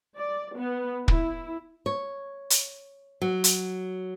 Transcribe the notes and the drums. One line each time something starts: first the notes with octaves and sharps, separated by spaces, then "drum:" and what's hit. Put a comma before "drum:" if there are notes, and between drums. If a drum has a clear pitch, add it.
D5
B3
E4, drum: kick
C#5
drum: hi-hat
F#3
drum: hi-hat